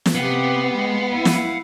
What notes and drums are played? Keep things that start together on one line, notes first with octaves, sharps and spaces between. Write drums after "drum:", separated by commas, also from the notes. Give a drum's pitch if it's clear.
drum: snare
C3 B3 G4 F5 F#5
G#3
E4
drum: snare